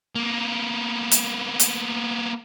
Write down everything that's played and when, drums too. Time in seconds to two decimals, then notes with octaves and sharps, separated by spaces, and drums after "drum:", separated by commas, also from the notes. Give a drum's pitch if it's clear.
0.15 A#3 B3
1.11 drum: hi-hat
1.60 drum: hi-hat